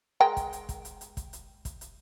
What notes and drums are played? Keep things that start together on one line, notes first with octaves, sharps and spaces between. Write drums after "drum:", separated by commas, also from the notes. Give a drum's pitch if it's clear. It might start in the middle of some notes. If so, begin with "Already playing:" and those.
G#3 A#4 G5
drum: kick, hi-hat
drum: hi-hat
drum: kick, hi-hat
drum: hi-hat
drum: hi-hat
drum: kick, hi-hat
drum: hi-hat
drum: kick, hi-hat
drum: hi-hat